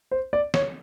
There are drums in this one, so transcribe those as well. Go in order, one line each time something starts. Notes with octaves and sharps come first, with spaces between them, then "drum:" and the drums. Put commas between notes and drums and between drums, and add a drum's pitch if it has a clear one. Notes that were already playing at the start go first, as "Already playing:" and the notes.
C5
D5
C#5, drum: snare